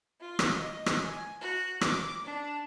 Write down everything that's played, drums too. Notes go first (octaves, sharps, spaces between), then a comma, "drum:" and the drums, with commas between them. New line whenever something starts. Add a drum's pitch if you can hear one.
F4
drum: rim click
D#5
drum: rim click
G#5
F#4
D6, drum: rim click
D4